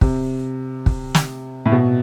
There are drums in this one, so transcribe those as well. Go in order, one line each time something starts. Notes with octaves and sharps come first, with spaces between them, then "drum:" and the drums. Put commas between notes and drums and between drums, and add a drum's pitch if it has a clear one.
C3, drum: kick
drum: kick
drum: snare
A2
B2